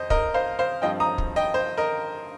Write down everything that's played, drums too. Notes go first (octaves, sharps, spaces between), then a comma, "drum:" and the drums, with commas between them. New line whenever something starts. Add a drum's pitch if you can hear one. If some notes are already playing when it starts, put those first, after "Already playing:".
Already playing: F2 C5 D#5
A#4 D#5, drum: kick
C5 F5
C5 F5
G2 F3 C4 D#5 G5
A#5 D#6
drum: kick
D#5 G5
C5
A#4 D#5